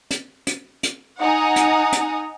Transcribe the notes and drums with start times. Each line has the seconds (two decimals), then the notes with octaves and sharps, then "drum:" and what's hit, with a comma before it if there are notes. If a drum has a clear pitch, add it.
0.11 drum: hi-hat
0.47 drum: hi-hat
0.83 drum: hi-hat
1.20 D#4 F#5 G#5 A#5 D#6
1.56 drum: hi-hat
1.92 drum: hi-hat